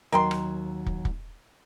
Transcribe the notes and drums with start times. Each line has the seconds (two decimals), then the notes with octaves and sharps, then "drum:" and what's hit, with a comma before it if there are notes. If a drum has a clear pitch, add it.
0.12 D#2 F#3 A#4 G5 C6
0.31 drum: rim click
0.86 drum: kick
1.05 drum: kick